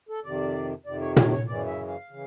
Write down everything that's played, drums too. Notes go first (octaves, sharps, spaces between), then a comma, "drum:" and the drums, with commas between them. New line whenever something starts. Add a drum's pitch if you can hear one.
A4
F2 C3 D#3 D5
F2 C3 D#3 D5
C#5
C#5, drum: tom A#2
C#5
F#2 C#3 E3 D5
E5
F5
C#3 E3